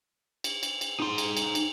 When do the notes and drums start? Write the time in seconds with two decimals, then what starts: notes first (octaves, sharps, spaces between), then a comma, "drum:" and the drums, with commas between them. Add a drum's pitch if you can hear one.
0.44 drum: cymbal
0.63 drum: cymbal
0.81 drum: cymbal
1.00 D#4 C6
1.18 drum: cymbal
1.37 drum: cymbal
1.55 drum: cymbal